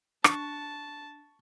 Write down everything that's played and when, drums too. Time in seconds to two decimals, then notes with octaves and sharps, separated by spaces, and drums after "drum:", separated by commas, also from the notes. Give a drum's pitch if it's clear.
0.24 D4 A5 C#6, drum: rim click